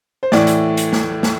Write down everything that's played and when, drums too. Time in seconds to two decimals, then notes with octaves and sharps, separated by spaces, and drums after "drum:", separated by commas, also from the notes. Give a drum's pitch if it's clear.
0.23 C5
0.32 A2 E3 D5, drum: snare
0.47 drum: hi-hat
0.77 drum: hi-hat
0.93 drum: snare
1.23 drum: snare